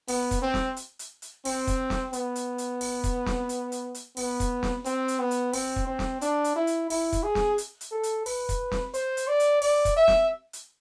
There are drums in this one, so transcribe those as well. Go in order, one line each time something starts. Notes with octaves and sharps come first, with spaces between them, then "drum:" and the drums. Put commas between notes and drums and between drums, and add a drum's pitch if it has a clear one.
B3, drum: open hi-hat
drum: kick, hi-hat
C4
drum: snare
drum: hi-hat
drum: hi-hat
drum: hi-hat
C4, drum: open hi-hat
drum: kick, hi-hat
drum: snare
B3, drum: hi-hat
drum: hi-hat
drum: hi-hat
drum: open hi-hat
drum: kick, hi-hat
drum: snare
drum: hi-hat
drum: hi-hat
drum: hi-hat
B3, drum: open hi-hat
drum: kick, hi-hat
drum: snare
C4, drum: hi-hat
drum: hi-hat
B3
drum: hi-hat
C4, drum: open hi-hat
drum: kick
C4
drum: snare
D4, drum: hi-hat
drum: hi-hat
E4
drum: hi-hat
E4, drum: open hi-hat
drum: kick, hi-hat
G#4
drum: snare
drum: hi-hat
drum: hi-hat
A4
drum: hi-hat
B4, drum: open hi-hat
drum: kick, hi-hat
drum: snare
C5, drum: hi-hat
drum: hi-hat
D5
drum: hi-hat
D5, drum: open hi-hat
drum: kick, hi-hat
E5
drum: snare
drum: hi-hat